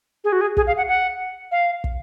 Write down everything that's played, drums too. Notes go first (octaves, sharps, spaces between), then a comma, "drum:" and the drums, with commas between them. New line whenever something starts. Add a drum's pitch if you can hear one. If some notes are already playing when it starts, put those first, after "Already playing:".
G#4
F#4
G#4
G#4, drum: kick
F5
F#5
F#5
F5
drum: kick